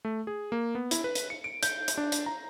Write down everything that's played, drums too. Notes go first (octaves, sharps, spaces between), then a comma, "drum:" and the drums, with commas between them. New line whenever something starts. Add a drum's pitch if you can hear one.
A3
G#4
A#3
B3
E4, drum: hi-hat
B4
drum: hi-hat
C#7
D7
G6, drum: hi-hat
drum: hi-hat
D4
drum: hi-hat
A#5